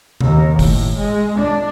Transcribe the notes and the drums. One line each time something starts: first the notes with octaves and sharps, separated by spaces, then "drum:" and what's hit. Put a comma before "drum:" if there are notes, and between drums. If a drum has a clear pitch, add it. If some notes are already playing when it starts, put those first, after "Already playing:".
D#2, drum: tom C3
A2, drum: kick, open hi-hat
G#3
D4